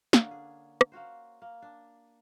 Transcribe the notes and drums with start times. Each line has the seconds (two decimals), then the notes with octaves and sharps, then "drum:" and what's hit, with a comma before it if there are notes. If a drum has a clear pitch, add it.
0.13 D3 A#3 C#4 D4, drum: snare
0.31 G#4
0.81 drum: rim click
0.92 A#3 C#4 F#4 C5
1.42 A#3
1.62 D4